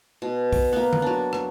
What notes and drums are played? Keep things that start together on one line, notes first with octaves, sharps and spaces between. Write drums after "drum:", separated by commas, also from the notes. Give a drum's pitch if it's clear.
B2
drum: kick B1, open hi-hat
A#3 B3
drum: tom D3
F#3 D4
drum: rim click